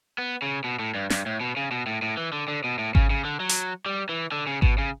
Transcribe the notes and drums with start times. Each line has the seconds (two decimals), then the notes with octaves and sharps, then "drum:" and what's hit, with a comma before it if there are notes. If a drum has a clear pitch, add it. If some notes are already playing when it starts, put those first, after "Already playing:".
0.18 B3
0.42 C#3
0.64 B2
0.79 A2
0.95 G2
1.10 G2, drum: snare
1.26 A2
1.41 B2
1.57 C#3
1.71 B2
1.87 A2
2.02 A2
2.17 E3
2.32 D3
2.48 D3
2.64 B2
2.79 A2
2.95 C#3, drum: kick G#1
3.10 C#3
3.25 D3
3.40 F#3
3.49 drum: hi-hat
3.86 G3
4.09 E3
4.32 D3
4.47 C#3
4.62 B2, drum: kick G#1
4.78 C#3